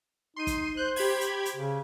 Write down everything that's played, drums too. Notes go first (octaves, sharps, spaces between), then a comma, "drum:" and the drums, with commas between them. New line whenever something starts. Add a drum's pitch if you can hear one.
D#4 C6 D#7
drum: kick, hi-hat
C5 F#6 G6
G4 B5 G#6, drum: open hi-hat
drum: hi-hat
drum: hi-hat
C#3